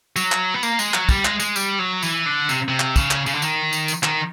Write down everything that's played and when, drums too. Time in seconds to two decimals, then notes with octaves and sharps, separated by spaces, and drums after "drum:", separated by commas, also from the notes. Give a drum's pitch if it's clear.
0.16 F#3, drum: tambourine
0.32 drum: clap
0.54 B3
0.63 A#3, drum: tambourine
0.79 G#3, drum: tambourine
0.94 F#3, drum: clap
1.09 G3, drum: kick, tambourine
1.25 G#3, drum: clap
1.40 G#3, drum: tambourine
1.56 G3, drum: tambourine
1.79 F#3
2.03 E3, drum: tambourine
2.26 D3
2.49 C3, drum: tambourine
2.69 C3
2.80 drum: clap
2.96 C#3, drum: kick, tambourine
3.11 drum: clap
3.26 C#3, drum: tambourine
3.34 D3
3.42 D#3, drum: tambourine
3.73 drum: tambourine
3.88 drum: tambourine
4.03 D#3, drum: clap